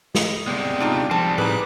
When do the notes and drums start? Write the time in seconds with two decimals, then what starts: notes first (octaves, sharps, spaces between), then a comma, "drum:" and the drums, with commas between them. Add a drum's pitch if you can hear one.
0.15 D#5, drum: snare
0.47 C3 G#3 B3 D5 G5
0.80 D4 D#4 F4
1.11 F3 G3 C4 A5
1.38 A2 D#4 G#4 B4 D6 F#6